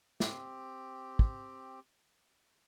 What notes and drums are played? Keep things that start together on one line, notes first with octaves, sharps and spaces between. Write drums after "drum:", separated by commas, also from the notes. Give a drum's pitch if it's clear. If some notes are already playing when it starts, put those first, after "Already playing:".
C4 G4, drum: snare
drum: kick